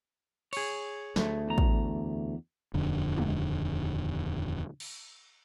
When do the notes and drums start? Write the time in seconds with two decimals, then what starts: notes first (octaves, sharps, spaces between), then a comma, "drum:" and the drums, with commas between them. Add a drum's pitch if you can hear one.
0.53 G#4 C#5, drum: cymbal
1.16 D2 A3, drum: snare
1.48 E2 A#5
1.58 drum: kick
2.74 D#1 F2 D3
3.18 drum: tom G#3
4.80 drum: cymbal